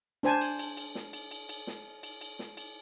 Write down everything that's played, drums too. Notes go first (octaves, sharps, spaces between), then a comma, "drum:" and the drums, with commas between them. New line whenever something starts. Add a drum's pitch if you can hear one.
D4 C5 G#5 A5, drum: snare
drum: cymbal
drum: cymbal
drum: cymbal
drum: snare
drum: cymbal
drum: cymbal
drum: cymbal
drum: snare
drum: cymbal
drum: cymbal
drum: snare
drum: cymbal